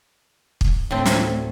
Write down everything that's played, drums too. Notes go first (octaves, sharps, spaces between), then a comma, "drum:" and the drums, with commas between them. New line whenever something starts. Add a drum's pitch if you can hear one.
drum: kick
D2 A2 C4
drum: snare